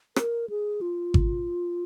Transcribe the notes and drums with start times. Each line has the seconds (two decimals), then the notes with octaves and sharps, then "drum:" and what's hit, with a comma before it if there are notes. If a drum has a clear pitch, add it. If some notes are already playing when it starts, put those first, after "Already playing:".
0.16 A#4, drum: rim click
0.49 G#4
0.81 F4
1.14 drum: kick G#1